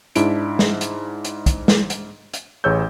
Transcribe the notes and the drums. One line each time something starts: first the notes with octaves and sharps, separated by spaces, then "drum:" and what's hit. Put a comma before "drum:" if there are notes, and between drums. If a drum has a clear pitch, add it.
G#2 D4 E4 D7, drum: hi-hat
drum: snare
drum: hi-hat
drum: hi-hat
drum: kick, hi-hat
drum: snare
drum: hi-hat
drum: hi-hat
A1 G#4 C#5 E6 G6